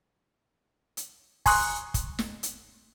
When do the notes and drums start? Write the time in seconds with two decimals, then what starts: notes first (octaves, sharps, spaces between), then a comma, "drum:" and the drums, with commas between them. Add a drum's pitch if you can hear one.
0.97 drum: hi-hat
1.46 G#5 A#5 C6 C#6 D#6 F#6, drum: kick, open hi-hat
1.94 drum: kick, hi-hat
2.19 drum: snare
2.43 drum: hi-hat